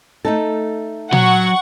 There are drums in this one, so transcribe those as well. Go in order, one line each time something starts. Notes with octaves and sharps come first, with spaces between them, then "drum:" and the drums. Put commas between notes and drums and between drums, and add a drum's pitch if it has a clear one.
A3 D#4 A4
F#3 F#5 C#6, drum: tom A#2